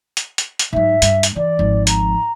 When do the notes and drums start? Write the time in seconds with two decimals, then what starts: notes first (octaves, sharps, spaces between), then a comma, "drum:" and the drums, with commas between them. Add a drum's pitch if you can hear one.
0.17 drum: hi-hat
0.38 drum: hi-hat
0.59 drum: hi-hat
0.73 G#2 F#3 E5
1.02 G2, drum: hi-hat
1.23 drum: hi-hat
1.36 E3 D5
1.59 G#1 F3
1.87 A#5, drum: hi-hat